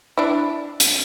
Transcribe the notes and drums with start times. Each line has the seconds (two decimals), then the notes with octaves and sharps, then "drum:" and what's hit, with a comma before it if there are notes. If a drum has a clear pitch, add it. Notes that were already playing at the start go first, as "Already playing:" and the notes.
0.18 D4 E4
0.80 drum: hi-hat